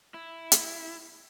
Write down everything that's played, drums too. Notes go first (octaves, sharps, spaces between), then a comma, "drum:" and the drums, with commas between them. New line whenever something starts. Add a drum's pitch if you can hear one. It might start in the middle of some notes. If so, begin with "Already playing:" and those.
E4
drum: hi-hat